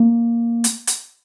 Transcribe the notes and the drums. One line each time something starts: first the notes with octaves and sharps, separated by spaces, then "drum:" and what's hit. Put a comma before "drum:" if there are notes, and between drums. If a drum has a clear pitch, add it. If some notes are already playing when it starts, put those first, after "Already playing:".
Already playing: A#3
drum: hi-hat
drum: hi-hat